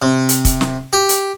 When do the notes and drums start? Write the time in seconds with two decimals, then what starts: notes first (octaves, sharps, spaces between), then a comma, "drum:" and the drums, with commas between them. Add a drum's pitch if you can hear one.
0.02 C3
0.29 drum: hi-hat
0.45 drum: kick, hi-hat
0.61 drum: snare
0.93 G4
1.09 drum: hi-hat